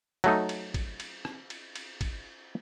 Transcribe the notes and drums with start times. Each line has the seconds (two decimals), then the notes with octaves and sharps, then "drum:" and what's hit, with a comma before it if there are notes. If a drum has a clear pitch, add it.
0.24 F#3 A3 D#4, drum: cymbal
0.49 drum: cymbal
0.74 drum: kick, cymbal
1.00 drum: cymbal
1.25 drum: rim click
1.50 drum: cymbal
1.75 drum: cymbal
2.01 drum: kick, cymbal